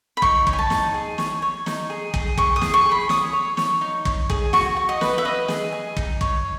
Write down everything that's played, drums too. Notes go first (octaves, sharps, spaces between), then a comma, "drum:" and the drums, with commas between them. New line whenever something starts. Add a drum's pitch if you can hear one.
B5
D#4 C#6, drum: kick
C#5, drum: kick
G#5
A5
D#4, drum: snare
G#4
C#5, drum: snare
C#5
D#4, drum: snare
G#4
G#4, drum: kick
G#4 C#6, drum: kick
D#6
G#4, drum: snare
C#6
G#4
B5
C#5 D#6, drum: snare
C#5
C#5, drum: snare
D#4
C#5, drum: kick
G#4, drum: kick
F#4 C#6, drum: snare
F#4
D#5
B4, drum: snare
E5
B4 D#5
G#4, drum: snare
G#4
D#4, drum: kick
C#5, drum: kick